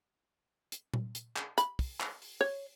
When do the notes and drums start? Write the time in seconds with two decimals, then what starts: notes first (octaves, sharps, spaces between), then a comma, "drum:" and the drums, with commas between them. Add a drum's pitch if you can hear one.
0.72 drum: hi-hat
0.94 drum: tom A#2
1.15 drum: hi-hat
1.36 drum: clap
1.58 B5, drum: hi-hat
1.79 drum: kick, open hi-hat
2.00 drum: clap
2.22 drum: open hi-hat
2.41 C#5